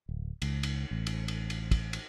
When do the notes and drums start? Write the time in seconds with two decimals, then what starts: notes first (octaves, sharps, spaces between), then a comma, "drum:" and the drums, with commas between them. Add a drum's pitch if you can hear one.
0.09 D1
0.42 C#2, drum: cymbal
0.63 drum: cymbal
0.91 A1
1.07 drum: cymbal
1.28 drum: cymbal
1.50 drum: cymbal
1.71 drum: kick, cymbal
1.93 drum: cymbal